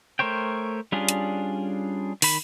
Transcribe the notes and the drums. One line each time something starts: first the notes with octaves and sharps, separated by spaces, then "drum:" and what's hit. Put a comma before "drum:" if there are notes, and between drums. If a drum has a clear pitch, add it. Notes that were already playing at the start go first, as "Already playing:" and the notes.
A3 A#4 C5 C#5 G5
G3 C#4 D4 F4 G#4
drum: hi-hat
D#3 B5, drum: open hi-hat